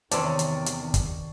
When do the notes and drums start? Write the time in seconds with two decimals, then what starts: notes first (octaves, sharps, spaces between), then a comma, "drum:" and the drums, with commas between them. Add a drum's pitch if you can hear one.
0.11 E2 C3 D#3 C4 D4 C#5 D5 A5, drum: hi-hat
0.39 drum: hi-hat
0.66 drum: hi-hat
0.94 drum: kick, hi-hat